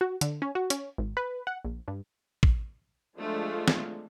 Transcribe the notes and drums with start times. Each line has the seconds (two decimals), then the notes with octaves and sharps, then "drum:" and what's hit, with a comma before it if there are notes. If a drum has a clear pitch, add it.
0.01 F#4
0.21 D3, drum: hi-hat
0.42 C#4
0.55 F#4
0.70 C#4, drum: hi-hat
0.98 G#1
1.17 B4
1.47 F#5
1.65 A#1
1.88 G2
2.43 drum: kick
3.18 F3 G#3 A3 D4 F4
3.68 drum: snare